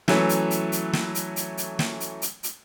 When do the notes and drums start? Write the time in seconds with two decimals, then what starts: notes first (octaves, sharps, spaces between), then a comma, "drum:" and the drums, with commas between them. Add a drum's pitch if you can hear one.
0.08 E3 F#3 A3 C#4 E4, drum: snare
0.29 drum: hi-hat
0.51 drum: hi-hat
0.72 drum: hi-hat
0.93 drum: snare
1.15 drum: hi-hat
1.36 drum: hi-hat
1.58 drum: hi-hat
1.79 drum: snare
2.00 drum: hi-hat
2.22 drum: hi-hat
2.43 drum: hi-hat